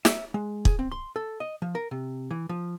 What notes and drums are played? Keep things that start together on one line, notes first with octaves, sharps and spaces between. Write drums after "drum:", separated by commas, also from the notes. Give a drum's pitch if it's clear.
E5, drum: snare
G#3
G#4, drum: kick
C4
C6
A4
D#5
F3
A#4
C3
E3
F3